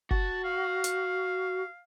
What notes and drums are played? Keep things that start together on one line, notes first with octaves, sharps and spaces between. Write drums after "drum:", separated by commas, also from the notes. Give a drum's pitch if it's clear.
F#4 A5, drum: kick
F5
drum: hi-hat